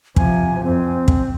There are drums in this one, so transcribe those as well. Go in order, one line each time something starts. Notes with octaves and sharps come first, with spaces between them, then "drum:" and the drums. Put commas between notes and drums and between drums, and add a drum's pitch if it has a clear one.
C3 F3 G#5, drum: kick
F2 C4
drum: kick